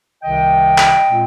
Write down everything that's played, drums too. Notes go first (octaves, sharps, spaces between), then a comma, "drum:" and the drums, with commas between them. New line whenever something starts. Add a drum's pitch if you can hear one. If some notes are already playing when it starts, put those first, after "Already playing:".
C2 C3 D#3 D#5 G5
drum: clap
A#2 G#3 C4 F4